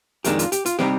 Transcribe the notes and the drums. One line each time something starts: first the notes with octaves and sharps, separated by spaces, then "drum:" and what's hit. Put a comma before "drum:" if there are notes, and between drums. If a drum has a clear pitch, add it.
F2 D#3 G#3 D4 G4, drum: hi-hat
F4, drum: hi-hat
G4, drum: hi-hat
F4, drum: hi-hat
C3 G3 C4 D#4 G4, drum: snare